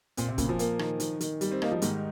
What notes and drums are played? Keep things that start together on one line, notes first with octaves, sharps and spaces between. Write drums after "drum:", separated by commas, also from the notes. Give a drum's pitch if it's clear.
A#2 C4, drum: hi-hat
C3
A#2 C#3, drum: kick, hi-hat
F3
A#3, drum: hi-hat
D#3, drum: rim click
D#3, drum: hi-hat
D#3, drum: hi-hat
G3, drum: hi-hat
C4
A#3 D#4, drum: rim click
F3
G#2 D#3, drum: hi-hat